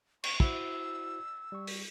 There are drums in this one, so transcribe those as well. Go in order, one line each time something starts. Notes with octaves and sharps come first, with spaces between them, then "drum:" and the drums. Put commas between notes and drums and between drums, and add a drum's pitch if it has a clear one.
C#6, drum: cymbal
E4 F#4 C5 E6, drum: kick
G3 C#6
drum: open hi-hat